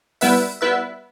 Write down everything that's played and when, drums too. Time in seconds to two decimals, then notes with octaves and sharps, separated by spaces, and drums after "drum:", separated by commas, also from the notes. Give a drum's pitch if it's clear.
0.21 G3 B3 E4 B4 E5, drum: open hi-hat
0.61 G3 B3 E4 B4 E5